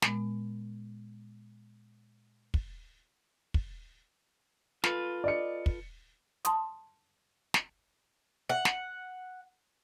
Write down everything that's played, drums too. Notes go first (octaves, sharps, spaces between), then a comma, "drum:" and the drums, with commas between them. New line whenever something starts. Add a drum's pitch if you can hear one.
A#2 G#3 B3, drum: snare
drum: kick
drum: kick
F4 A4 B4, drum: snare
D5 D#5 C#7
drum: kick
A5 C6 D#6, drum: hi-hat
drum: snare
F#5
drum: snare